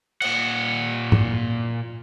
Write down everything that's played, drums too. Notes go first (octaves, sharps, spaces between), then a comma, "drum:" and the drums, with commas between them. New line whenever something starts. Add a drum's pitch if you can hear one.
A#2 F#5, drum: cymbal
drum: tom G#2